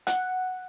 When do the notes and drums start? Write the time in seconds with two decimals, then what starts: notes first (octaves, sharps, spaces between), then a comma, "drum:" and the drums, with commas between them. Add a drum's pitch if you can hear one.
0.07 F#5, drum: hi-hat